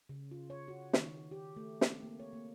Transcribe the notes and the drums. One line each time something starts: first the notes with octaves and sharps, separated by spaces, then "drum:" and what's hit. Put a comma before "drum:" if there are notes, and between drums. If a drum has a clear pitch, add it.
C#3
F4
C#5
F#4
D#3, drum: snare
G4
A3
C4, drum: snare
A#3
C#5
A#3